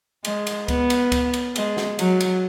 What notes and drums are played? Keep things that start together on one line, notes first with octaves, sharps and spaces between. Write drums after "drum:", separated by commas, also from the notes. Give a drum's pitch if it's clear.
G#3, drum: cymbal
drum: cymbal
B3, drum: kick C#2, cymbal
drum: cymbal
drum: kick C#2, cymbal
drum: cymbal
G#3, drum: cymbal
drum: snare
F#3, drum: cymbal
drum: cymbal